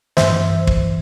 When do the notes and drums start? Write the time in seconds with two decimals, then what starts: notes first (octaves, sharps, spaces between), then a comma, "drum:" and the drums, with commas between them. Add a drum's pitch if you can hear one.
0.17 G2 E3 C5 E5, drum: snare
0.67 drum: kick